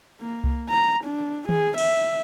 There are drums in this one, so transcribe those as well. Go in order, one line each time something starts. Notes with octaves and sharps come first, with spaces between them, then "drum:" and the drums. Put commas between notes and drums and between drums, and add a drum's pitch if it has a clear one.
A#3
drum: kick C2
A#5
D4
G#4, drum: tom D#3
E5, drum: cymbal